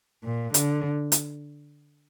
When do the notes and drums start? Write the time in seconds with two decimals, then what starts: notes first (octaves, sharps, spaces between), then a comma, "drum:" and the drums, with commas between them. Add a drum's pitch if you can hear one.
0.24 A#2
0.54 D3, drum: hi-hat
1.12 drum: hi-hat